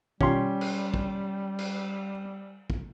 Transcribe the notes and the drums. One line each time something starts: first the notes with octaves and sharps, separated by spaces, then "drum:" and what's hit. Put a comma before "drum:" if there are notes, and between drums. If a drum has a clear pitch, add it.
B2 D#3 G3 C#4 F4 G4 C6, drum: kick
drum: cymbal
drum: kick
drum: cymbal
drum: kick